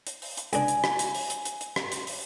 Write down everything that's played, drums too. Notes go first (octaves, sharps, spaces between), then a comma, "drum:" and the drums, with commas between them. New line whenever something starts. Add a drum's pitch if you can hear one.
drum: hi-hat
drum: open hi-hat
drum: hi-hat
C#2 D4 G#5, drum: hi-hat
drum: hi-hat
drum: rim click
drum: hi-hat
drum: open hi-hat
drum: hi-hat
drum: hi-hat
drum: hi-hat
drum: rim click
drum: hi-hat
drum: open hi-hat